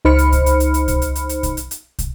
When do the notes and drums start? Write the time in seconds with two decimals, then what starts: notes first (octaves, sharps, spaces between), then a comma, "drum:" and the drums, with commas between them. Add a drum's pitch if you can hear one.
0.05 C#2 D#4 C5 B5 F6 C#7
0.19 drum: hi-hat
0.32 drum: kick, hi-hat
0.46 drum: hi-hat
0.60 drum: hi-hat
0.74 drum: hi-hat
0.88 drum: kick, hi-hat
1.02 drum: hi-hat
1.15 drum: hi-hat
1.29 drum: hi-hat
1.43 drum: kick, hi-hat
1.57 drum: hi-hat
1.71 drum: hi-hat
1.99 drum: kick, hi-hat